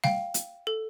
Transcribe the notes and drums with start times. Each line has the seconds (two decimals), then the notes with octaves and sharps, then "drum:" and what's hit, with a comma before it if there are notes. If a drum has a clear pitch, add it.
0.04 F5 G5, drum: snare G3
0.34 drum: hi-hat
0.67 A4